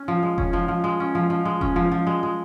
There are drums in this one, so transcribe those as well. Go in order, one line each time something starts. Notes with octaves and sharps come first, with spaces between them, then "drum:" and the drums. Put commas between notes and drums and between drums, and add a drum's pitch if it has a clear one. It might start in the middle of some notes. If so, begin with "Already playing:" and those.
Already playing: C#4
F3
G#3
C#4, drum: kick F1
F3
F3
G#3
C#4
F3
F3
G#3
C#4, drum: kick F1
F3
F3
G#3
G#3